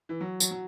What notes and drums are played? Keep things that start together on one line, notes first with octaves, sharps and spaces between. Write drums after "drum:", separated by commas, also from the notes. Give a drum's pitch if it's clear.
E3
F#3
F#3, drum: tambourine
F#3